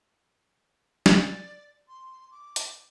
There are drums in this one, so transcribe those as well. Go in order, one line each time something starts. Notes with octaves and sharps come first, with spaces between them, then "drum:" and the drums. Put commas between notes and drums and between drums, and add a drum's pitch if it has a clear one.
D5, drum: snare
C6
D6
drum: hi-hat